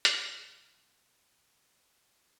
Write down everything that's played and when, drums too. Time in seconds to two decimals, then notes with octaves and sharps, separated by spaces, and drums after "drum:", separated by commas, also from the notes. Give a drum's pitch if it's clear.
0.05 drum: hi-hat
0.24 C2 F2